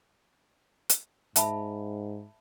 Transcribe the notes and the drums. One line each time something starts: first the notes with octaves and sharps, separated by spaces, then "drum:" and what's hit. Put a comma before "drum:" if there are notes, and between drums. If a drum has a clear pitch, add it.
drum: hi-hat
G#2 E5 A5 B5, drum: hi-hat